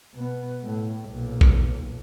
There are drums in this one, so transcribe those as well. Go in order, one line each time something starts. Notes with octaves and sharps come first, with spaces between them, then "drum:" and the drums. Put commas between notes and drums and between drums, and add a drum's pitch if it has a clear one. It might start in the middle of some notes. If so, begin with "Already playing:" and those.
B2 B3
A2
B1 A#2
drum: kick A#1